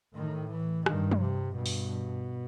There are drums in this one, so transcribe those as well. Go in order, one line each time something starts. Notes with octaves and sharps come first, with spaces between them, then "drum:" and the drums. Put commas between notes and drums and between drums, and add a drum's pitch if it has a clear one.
A2 D#3
E3
G2 D#3, drum: rim click
drum: tom
C3
G2 B2
drum: open hi-hat